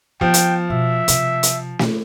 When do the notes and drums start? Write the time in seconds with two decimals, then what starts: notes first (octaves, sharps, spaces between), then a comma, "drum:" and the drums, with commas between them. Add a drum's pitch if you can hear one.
0.21 F3 B3 G5
0.34 drum: hi-hat
0.70 B2 E5
1.08 C3, drum: hi-hat
1.43 drum: hi-hat
1.79 drum: snare